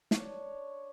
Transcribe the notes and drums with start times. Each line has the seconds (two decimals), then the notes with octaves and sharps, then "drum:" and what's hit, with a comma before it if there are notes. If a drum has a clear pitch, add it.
0.11 D4 C#5, drum: snare